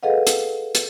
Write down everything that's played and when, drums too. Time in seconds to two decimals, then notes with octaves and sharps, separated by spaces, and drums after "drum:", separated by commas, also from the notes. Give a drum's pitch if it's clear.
0.03 G#4 A4 B4 D#5 F5 F#5
0.27 drum: hi-hat
0.75 drum: hi-hat